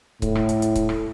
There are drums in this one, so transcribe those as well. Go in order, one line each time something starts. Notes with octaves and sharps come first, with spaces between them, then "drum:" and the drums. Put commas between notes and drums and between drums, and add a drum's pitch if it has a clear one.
A2, drum: kick C#1, hi-hat
drum: rim click
drum: hi-hat
drum: hi-hat
drum: kick C#1, hi-hat
drum: rim click